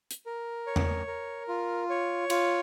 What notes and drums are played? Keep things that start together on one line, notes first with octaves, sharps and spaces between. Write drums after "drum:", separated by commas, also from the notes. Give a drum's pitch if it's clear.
drum: hi-hat
A#4
C#5
drum: tom E2
A#4
F4
C#5
F4, drum: cymbal